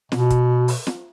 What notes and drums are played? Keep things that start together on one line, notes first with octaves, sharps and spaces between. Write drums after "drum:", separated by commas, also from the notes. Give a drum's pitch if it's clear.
B2, drum: snare
drum: kick, hi-hat
drum: open hi-hat
drum: snare